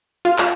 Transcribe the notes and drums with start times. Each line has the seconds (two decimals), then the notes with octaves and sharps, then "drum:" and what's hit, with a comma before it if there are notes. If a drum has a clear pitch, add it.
0.25 F4
0.38 drum: clap